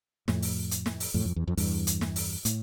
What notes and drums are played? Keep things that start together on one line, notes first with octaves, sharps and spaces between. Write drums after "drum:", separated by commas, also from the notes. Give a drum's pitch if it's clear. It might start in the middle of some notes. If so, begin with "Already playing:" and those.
F2 A2, drum: snare
drum: open hi-hat
drum: hi-hat
drum: snare
drum: open hi-hat
F2 A2
F2
E2
F2
E2 G2, drum: open hi-hat
drum: hi-hat
drum: snare
drum: open hi-hat
A2, drum: hi-hat